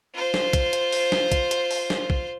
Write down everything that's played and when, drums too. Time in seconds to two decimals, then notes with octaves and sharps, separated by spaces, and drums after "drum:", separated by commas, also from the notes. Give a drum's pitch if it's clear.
0.14 F4 C5
0.34 drum: snare
0.53 drum: kick, hi-hat
0.73 drum: hi-hat
0.92 drum: open hi-hat
1.12 drum: snare
1.32 drum: kick, hi-hat
1.51 drum: hi-hat
1.71 drum: open hi-hat
1.90 drum: snare
2.10 drum: kick